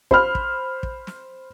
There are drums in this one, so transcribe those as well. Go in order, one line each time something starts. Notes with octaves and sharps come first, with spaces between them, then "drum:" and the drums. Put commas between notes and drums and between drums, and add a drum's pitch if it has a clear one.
C5 B5 F6, drum: kick
drum: kick
drum: kick
drum: snare